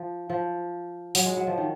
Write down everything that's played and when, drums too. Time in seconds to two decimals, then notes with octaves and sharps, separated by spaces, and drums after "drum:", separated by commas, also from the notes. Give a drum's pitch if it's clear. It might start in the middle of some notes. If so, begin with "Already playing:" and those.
Already playing: F3
0.30 F3
1.15 F#3, drum: open hi-hat
1.25 G#3
1.37 F#3
1.47 F3
1.58 D#3